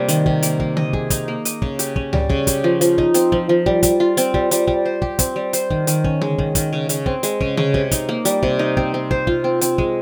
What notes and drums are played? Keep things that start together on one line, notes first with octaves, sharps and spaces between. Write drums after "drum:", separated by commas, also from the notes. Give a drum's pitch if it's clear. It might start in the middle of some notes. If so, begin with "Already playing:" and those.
Already playing: C3 G3 A#3
D#3, drum: hi-hat
C3, drum: kick
A#3, drum: hi-hat
A#3, drum: kick
D#5, drum: tom C#3
G#4, drum: kick
D#4, drum: kick, hi-hat
A#3
D#5, drum: hi-hat
C#3, drum: kick
G4, drum: hi-hat
C#4, drum: kick
G3, drum: tom C#2
C#3, drum: kick
G4, drum: kick, hi-hat
F3
F3, drum: hi-hat
D#4, drum: kick
C4, drum: hi-hat
F3, drum: kick
F3
G3, drum: kick
G3, drum: kick, hi-hat
F4
C4, drum: hi-hat
G3, drum: kick
G3, drum: hi-hat
G3, drum: kick
C5
G4, drum: kick
C4, drum: kick, hi-hat
G3
C5, drum: hi-hat
D#3, drum: kick
D#3, drum: hi-hat
C#4, drum: kick
G#3, drum: tom C#3
D#3, drum: kick
D#3, drum: kick, hi-hat
C#3
C#3, drum: hi-hat
C4, drum: kick
G#3, drum: hi-hat
C#3, drum: kick
C#3, drum: tom C#3
C3, drum: kick
D#4, drum: kick, hi-hat
A#3
G3, drum: hi-hat
C3, drum: kick
D#4
C4, drum: kick
C4
C5, drum: kick
F4, drum: kick
C4
C4, drum: hi-hat
G#3, drum: kick